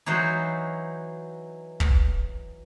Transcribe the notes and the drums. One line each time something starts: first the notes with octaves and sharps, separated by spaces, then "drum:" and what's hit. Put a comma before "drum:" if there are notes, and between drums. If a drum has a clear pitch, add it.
E3 F#3 D#4 F#4 C5
drum: kick